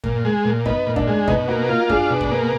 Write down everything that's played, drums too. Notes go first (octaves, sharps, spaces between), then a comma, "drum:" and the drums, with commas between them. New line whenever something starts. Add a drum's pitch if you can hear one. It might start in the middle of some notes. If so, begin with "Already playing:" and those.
A#2, drum: kick F#2
G#3
A#2
B3 D#4, drum: kick F#2
A#2
D4, drum: kick F#2
G#3
B2 D#4, drum: kick F#2
A#3 F#4
F4
D4 G#4, drum: kick F#2
B2
drum: kick F#2
A#3